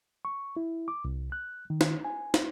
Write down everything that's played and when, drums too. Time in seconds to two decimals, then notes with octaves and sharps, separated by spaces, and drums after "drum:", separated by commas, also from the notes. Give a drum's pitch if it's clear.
0.25 C#6
0.57 E4
0.88 D6
1.05 C2
1.32 F#6
1.70 D#3
1.81 drum: snare
2.05 G#5
2.34 drum: snare